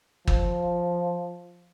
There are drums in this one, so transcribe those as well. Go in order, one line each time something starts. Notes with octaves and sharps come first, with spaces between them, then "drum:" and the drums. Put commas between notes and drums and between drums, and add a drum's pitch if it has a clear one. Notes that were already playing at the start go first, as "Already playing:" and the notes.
F3, drum: kick